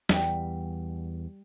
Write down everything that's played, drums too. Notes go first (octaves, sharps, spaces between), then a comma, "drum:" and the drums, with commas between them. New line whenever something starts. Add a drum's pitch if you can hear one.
E2 E3 G3, drum: snare